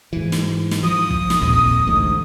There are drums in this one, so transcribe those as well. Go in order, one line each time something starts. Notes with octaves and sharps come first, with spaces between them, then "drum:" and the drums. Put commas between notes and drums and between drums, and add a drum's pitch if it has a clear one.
G#2 E3
drum: snare
drum: snare
F3 D#6
drum: kick
drum: snare
D#1 A#1 F2
drum: kick
A1 D2 G#2